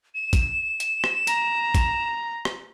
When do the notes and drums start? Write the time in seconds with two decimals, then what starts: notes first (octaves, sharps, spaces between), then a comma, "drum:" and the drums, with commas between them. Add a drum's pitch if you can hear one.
0.14 E7
0.33 drum: kick, hi-hat
0.80 drum: hi-hat
1.04 drum: rim click
1.27 A#5, drum: hi-hat
1.75 drum: kick, hi-hat
2.45 drum: rim click